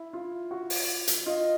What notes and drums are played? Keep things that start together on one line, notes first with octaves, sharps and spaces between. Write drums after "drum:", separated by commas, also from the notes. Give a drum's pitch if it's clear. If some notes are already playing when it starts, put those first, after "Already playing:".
Already playing: E4
F4
F#4
drum: open hi-hat
drum: hi-hat
F4 D#5